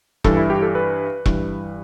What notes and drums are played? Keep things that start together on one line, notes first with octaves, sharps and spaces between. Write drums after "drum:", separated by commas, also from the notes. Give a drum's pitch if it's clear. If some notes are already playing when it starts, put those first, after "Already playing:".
G2 E3 A4, drum: kick E1
E4
G4
A4
B4
G2 E3, drum: kick E1